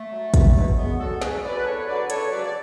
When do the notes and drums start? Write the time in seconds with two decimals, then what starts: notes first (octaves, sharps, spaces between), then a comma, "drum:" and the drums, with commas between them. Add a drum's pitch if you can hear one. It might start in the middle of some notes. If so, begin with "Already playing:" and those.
Already playing: A3
0.12 F#3
0.34 E2, drum: kick, hi-hat
0.56 B2 F#3
0.77 F#2 G#3 B3
0.99 D3 F#3 F#4 A4
1.22 G#2 G#4 B4, drum: snare
1.44 F#3 B4 D5
1.57 B4
1.65 E2 A4 C#5
1.88 D3 F#3 B4 D5
2.10 C#2 A4 C#5, drum: hi-hat
2.31 C#3 F#3 B4 D5
2.44 D5